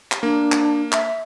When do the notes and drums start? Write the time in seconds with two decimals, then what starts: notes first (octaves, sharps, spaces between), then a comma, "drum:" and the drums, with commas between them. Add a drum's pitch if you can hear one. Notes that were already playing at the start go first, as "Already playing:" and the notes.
0.12 drum: clap
0.23 A#3 D4
0.52 drum: clap
0.92 E5, drum: clap